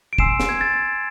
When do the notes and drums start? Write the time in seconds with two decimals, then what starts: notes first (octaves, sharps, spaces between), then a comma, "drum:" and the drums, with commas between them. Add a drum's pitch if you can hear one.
0.13 D7
0.18 G#5 C6 E6 C7 E7, drum: kick
0.40 drum: snare
0.49 G#6
0.61 A6